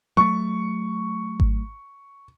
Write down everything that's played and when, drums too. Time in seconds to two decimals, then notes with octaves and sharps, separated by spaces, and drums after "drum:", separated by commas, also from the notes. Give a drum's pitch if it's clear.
0.17 F#3 A3 C#6
1.40 drum: kick G#1